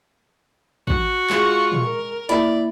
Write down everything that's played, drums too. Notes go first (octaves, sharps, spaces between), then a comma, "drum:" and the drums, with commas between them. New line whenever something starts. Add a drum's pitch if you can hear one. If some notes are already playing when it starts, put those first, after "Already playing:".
F#4, drum: kick
G#3 F4 C#6, drum: clap
drum: tom A#2
A#4
A#3 E4 D5 B5, drum: hi-hat